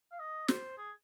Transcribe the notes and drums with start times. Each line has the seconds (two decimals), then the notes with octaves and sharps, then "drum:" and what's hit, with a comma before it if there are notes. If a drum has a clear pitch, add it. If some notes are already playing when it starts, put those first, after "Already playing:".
0.12 F5
0.20 D#5
0.48 C5, drum: snare
0.78 G#4